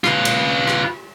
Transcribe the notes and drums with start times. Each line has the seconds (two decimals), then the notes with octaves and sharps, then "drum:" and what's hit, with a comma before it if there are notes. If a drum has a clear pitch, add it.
0.04 F4 B4, drum: rim click
0.25 drum: cymbal
0.68 drum: rim click